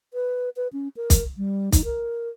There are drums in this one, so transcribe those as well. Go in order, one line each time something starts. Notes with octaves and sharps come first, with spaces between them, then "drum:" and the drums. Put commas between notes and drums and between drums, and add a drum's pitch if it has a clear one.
B4
B4
C#4
A#4
drum: kick, hi-hat
G3
D#4, drum: kick, hi-hat
A#4